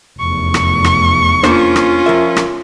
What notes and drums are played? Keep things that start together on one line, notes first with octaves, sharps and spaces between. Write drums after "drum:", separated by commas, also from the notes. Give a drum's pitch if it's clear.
F1 E2 C#6
drum: rim click
drum: rim click
A#3 C#4 D4 F4 C5, drum: rim click
drum: rim click
F3 A#4 E5
drum: rim click